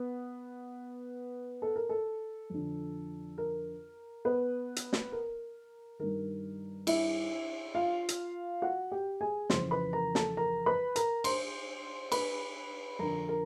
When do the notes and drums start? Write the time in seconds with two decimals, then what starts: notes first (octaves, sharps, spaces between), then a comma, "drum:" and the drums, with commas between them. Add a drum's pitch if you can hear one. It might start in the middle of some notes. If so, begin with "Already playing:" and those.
Already playing: B3
1.62 A4
1.76 A#4
1.89 A4
2.50 F2 D3
3.38 A#4
4.25 B3 B4
4.76 drum: hi-hat
4.93 drum: snare
5.12 A#4
5.99 G2 D#3 A#4
6.87 E4 E5, drum: cymbal
7.74 F4 F5
8.09 drum: hi-hat
8.62 F#4 F#5
8.91 G4 G5
9.21 G#4 G#5
9.50 F2 C#3 E3 C5 C6, drum: snare
9.71 B4 B5
9.93 A#4 A#5
10.15 A4 A5, drum: snare
10.37 A#4 A#5
10.66 B4 B5
10.96 A#4 A#5, drum: hi-hat
11.24 C5 C6, drum: cymbal
12.12 B4 B5, drum: cymbal
12.99 F2 D3 A#4 A#5
13.29 A#4 A#5